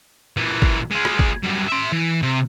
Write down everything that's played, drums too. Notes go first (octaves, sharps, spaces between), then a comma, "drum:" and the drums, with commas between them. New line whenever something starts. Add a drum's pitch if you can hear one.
A#2 E3
drum: kick G1
G#3 F4
drum: rim click
drum: kick G1
G2 F#3
E5 C6
E3
C3